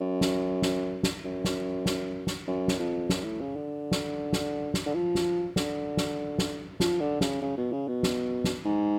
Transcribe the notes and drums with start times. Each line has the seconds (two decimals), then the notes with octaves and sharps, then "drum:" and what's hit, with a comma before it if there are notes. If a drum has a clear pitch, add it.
0.01 F#2
0.21 drum: snare
0.62 drum: snare
1.03 drum: snare
1.24 F#2
1.44 drum: snare
1.86 drum: snare
2.27 drum: snare
2.47 F#2
2.68 drum: snare
2.79 F2
3.09 F#2, drum: snare
3.24 A2
3.40 C#3
3.56 D3
3.91 drum: snare
4.33 drum: snare
4.74 drum: snare
4.86 D3
4.94 F3
5.15 drum: snare
5.56 D3, drum: snare
5.97 drum: snare
6.38 drum: snare
6.80 F3, drum: snare
7.00 D3
7.21 C#3, drum: snare
7.41 C#3
7.57 B2
7.72 C#3
7.87 B2
8.03 drum: snare
8.44 drum: snare
8.65 G#2